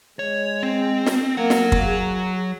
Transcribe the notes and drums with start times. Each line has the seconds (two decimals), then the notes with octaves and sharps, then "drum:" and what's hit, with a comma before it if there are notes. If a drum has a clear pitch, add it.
0.19 G#3 C#5
0.63 C4
1.06 drum: snare
1.37 F#3 A#3 F#5
1.50 drum: snare
1.72 drum: kick
1.86 G#4